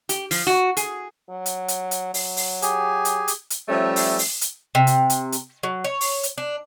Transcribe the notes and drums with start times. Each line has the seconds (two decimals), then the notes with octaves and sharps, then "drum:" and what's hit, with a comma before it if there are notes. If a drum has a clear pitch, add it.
0.09 G4, drum: hi-hat
0.31 F3, drum: open hi-hat
0.47 F#4
0.77 G#4, drum: hi-hat
1.30 F#3
1.46 drum: hi-hat
1.68 drum: hi-hat
1.91 drum: hi-hat
2.14 F#3, drum: open hi-hat
2.37 drum: open hi-hat
2.62 G4 G#4 G#5, drum: hi-hat
3.05 drum: hi-hat
3.28 drum: hi-hat
3.50 drum: hi-hat
3.69 F3 G3 A3 C#4 C#5 E5
3.96 drum: open hi-hat
4.19 drum: open hi-hat
4.41 drum: hi-hat
4.75 C3
4.87 drum: hi-hat
5.10 drum: hi-hat
5.32 drum: hi-hat
5.63 F#3
5.84 C#5
6.01 drum: open hi-hat
6.23 drum: hi-hat
6.38 D4